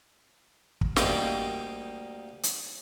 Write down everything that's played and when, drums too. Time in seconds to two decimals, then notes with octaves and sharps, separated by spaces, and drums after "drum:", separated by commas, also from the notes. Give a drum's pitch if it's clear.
0.81 drum: kick
0.96 D2 G3 A#3 D#5 F5 G5, drum: snare
2.43 drum: hi-hat